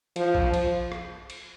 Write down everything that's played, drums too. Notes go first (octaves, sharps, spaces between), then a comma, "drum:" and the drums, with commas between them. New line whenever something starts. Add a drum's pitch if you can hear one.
F3, drum: cymbal
drum: kick A#1
drum: cymbal
drum: rim click
drum: cymbal